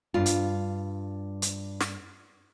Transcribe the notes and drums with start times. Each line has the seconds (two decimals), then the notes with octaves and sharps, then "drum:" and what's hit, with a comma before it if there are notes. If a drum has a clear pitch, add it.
0.14 G2 F4
0.26 drum: hi-hat
1.42 drum: hi-hat
1.80 drum: snare